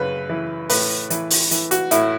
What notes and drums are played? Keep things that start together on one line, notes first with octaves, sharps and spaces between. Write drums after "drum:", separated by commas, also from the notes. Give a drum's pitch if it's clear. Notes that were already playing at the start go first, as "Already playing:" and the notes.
Already playing: F#2 C#3 B4
E3
A2 B4, drum: open hi-hat
E3, drum: hi-hat
drum: open hi-hat
E3, drum: hi-hat
F#4, drum: hi-hat
A2 E4, drum: hi-hat